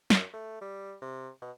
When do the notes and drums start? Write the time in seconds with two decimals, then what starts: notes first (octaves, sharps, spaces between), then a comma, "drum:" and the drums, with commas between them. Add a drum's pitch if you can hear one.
0.10 F#2, drum: snare
0.33 A3
0.61 G3
1.02 C3
1.42 B2